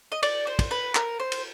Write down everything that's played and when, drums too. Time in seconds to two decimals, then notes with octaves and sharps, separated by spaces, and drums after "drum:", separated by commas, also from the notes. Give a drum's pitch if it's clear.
0.12 D#5
0.23 D5, drum: cymbal
0.47 C5
0.59 drum: kick, cymbal
0.71 B4
0.95 A#4, drum: clap
1.20 C5
1.32 drum: cymbal